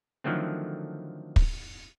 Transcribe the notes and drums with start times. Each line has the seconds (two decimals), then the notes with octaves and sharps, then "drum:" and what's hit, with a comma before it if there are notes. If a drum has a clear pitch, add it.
0.24 D3 D#3 F3 F#3 A3 C4
1.36 drum: kick